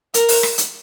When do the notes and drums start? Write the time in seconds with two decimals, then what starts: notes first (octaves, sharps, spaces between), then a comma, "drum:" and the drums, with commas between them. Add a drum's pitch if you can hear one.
0.14 A#4, drum: hi-hat
0.29 drum: open hi-hat
0.43 drum: rim click
0.58 drum: hi-hat